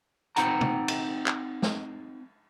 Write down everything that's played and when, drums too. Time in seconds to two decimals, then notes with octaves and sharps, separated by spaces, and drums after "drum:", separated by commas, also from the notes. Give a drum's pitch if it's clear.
0.36 C4 D#4 F#5 G5 A#5, drum: hi-hat
0.61 drum: tom
0.88 drum: cymbal
1.26 drum: clap
1.62 drum: snare